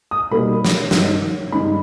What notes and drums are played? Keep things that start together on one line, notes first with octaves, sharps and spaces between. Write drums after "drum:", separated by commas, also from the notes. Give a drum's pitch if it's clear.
D#6
B2 G3 A#3 D#4 B5
drum: snare
G2 D#3 G#3 D#4, drum: snare
G2 D#3 G#3 D#4 B5